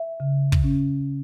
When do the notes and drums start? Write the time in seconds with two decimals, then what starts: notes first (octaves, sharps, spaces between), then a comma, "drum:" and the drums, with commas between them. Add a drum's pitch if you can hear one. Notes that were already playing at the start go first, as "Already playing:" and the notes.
Already playing: E5
0.20 C#3
0.52 drum: kick
0.64 C#4